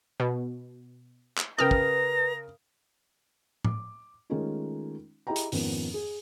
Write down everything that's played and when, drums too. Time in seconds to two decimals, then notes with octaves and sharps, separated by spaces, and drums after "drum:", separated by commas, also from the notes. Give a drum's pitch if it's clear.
0.20 B2
1.38 drum: clap
1.58 C#3 A#4 B4 G5 A#5 D#6 F6
1.71 drum: kick
3.65 D6, drum: tom A2
4.30 D#3 G#3 A3 C#4 D#4 F4
5.27 E4 G4 G#4 D#5 G5 A#5
5.36 drum: hi-hat
5.52 F2 G#2 D#3 B3 C#4, drum: open hi-hat
5.94 G#4